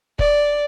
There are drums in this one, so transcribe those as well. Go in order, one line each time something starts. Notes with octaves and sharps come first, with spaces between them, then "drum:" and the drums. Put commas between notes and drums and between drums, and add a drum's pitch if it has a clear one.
D5, drum: kick